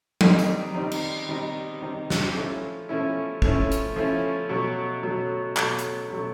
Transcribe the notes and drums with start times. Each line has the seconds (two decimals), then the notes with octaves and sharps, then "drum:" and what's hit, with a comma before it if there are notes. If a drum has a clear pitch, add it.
0.21 D#3 G3 C4 D#4, drum: tom F3
0.39 drum: tambourine
0.74 D#3 G3 C4 D#4
0.91 drum: cymbal
1.28 D#3 G3 C4 D#4
1.82 D#3 G3 C4 D#4
2.10 drum: snare
2.35 F3 A3 C#4 E4
2.89 F3 A3 C#4 E4
3.42 F3 A3 C#4 E4, drum: kick
3.72 drum: hi-hat
3.96 F3 A3 C#4 E4
4.49 B2 F#3 A3
5.03 B2 F#3 A3
5.57 B2 F#3 A3, drum: clap
5.79 drum: hi-hat
6.10 B2 F#3 A3